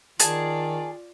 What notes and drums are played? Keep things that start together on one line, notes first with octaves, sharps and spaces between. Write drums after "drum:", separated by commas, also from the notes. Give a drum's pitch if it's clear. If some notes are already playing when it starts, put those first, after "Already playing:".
D#3 F4 G#4 D5 A5, drum: hi-hat